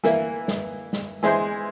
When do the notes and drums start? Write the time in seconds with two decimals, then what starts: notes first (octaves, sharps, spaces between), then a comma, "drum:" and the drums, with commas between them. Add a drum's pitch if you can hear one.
0.04 E3 A#3 E4, drum: snare
0.48 drum: snare
0.93 drum: snare
1.23 E3 G#3 E4 G#4 C5, drum: snare